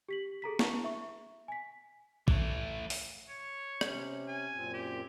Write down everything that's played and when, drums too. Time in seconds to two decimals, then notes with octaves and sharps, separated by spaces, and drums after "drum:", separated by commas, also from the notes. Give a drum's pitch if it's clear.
0.09 G4 B6 F#7
0.42 G#4 A4 A#5 B6
0.59 D4 E4 A5 A#5 C#6 F7, drum: snare
0.84 E5 C#6
1.48 G#5 B6
2.28 E3 A3, drum: kick
2.90 drum: open hi-hat
3.29 C#5
3.81 C3 C#4, drum: rim click
4.28 G#5
4.53 F#2 A#2 C4
4.74 G4